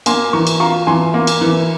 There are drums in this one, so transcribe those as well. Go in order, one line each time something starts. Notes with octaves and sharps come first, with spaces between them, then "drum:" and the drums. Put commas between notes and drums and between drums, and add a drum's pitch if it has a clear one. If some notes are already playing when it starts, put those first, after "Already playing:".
A#3 G#5 C6, drum: cymbal
E3 A#5 C#6
drum: cymbal
F4 A#5 C#6
E3 G#5 C6
A#3
drum: cymbal
E3